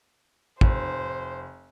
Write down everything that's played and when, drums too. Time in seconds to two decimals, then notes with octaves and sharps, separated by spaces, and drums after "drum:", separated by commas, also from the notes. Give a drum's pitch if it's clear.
0.61 F1 C5, drum: kick